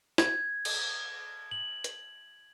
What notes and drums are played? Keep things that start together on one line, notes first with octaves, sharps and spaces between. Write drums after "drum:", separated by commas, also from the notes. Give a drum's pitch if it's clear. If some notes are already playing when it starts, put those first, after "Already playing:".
G#6, drum: snare
drum: cymbal
F#7
drum: hi-hat